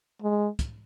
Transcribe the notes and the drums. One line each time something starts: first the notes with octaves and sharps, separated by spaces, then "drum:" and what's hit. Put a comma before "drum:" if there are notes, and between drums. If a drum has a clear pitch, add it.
G#3
drum: kick, hi-hat